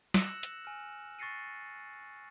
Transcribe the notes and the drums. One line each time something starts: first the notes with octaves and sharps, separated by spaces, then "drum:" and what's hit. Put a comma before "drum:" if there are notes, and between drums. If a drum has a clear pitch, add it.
E6 F#6 A#6 C#7 E7 F#7, drum: snare
drum: hi-hat
G#5 F6
C#6 A6 A#6 C7 C#7 D#7